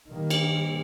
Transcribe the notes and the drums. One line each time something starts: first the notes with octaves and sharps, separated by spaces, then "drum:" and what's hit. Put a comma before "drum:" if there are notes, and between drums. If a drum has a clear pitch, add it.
D#3 G3 A#3
drum: cymbal